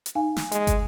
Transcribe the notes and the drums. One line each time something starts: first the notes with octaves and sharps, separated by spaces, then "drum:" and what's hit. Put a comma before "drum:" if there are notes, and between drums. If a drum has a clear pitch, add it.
drum: hi-hat
D#4 F5 G#5
drum: snare
G#3, drum: hi-hat
drum: kick, hi-hat